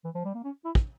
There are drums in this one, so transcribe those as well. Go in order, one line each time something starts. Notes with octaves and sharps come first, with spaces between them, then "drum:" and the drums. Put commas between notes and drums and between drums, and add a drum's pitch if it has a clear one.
E3
F3
G3
A#3
C#4
E4
drum: kick